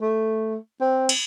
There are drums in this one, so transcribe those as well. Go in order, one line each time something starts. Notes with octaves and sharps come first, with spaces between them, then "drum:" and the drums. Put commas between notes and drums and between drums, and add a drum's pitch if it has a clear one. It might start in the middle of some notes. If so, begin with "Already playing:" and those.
A3
C4
drum: cymbal